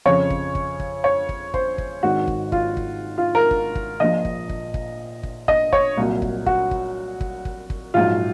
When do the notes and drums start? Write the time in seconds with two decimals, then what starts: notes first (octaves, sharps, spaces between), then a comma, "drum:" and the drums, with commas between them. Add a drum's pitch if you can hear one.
0.05 F2 C#3 F3 C#5
0.30 drum: kick
0.55 drum: kick
0.80 drum: kick
1.04 C#5
1.29 drum: kick
1.54 C5, drum: kick
1.78 drum: kick
2.03 G#1 G#2 D#3 F#4
2.28 drum: kick
2.52 F4, drum: kick
2.77 drum: kick
3.18 F4
3.35 A#4
3.51 drum: kick
3.75 drum: kick
4.00 A#1 A#2 F3 D#5
4.25 drum: kick
4.49 drum: kick
4.74 drum: kick
5.23 drum: kick
5.48 D#5, drum: kick
5.73 C#5, drum: kick
5.97 C2 A#2 F#3
6.22 drum: kick
6.46 F#4, drum: kick
6.71 drum: kick
7.21 drum: kick
7.45 drum: kick
7.70 drum: kick
7.94 A#1 G#2 F#3 F4